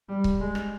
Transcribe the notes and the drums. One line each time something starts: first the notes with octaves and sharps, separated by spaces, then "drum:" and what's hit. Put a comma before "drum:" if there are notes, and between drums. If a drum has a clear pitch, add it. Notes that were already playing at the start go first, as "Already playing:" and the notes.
G3
drum: kick C#1
G#3
drum: rim click